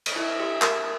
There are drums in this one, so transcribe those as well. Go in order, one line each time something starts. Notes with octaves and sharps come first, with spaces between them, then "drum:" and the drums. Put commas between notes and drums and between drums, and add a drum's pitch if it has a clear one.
drum: cymbal
E4 E5
G4
A#4, drum: clap